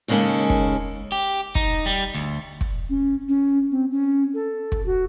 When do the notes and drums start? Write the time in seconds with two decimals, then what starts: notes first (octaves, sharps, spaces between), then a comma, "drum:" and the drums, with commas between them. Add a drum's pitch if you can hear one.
0.08 D#2 C#3 G#3 A#3 C#4 A4
0.50 drum: kick
1.12 G4
1.55 D#4, drum: kick
1.86 G3
2.15 D2
2.61 drum: kick
2.89 C#4
3.28 C#4
3.71 C4
3.91 C#4
4.34 A4
4.72 drum: kick
4.86 F#4